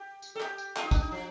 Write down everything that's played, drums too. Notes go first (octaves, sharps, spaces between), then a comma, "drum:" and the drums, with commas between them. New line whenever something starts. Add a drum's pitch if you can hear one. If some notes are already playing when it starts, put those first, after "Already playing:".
Already playing: G4
drum: tambourine
A4
G4, drum: clap
drum: tambourine
F4, drum: clap
D#4
D4, drum: kick, tambourine
D#4
F3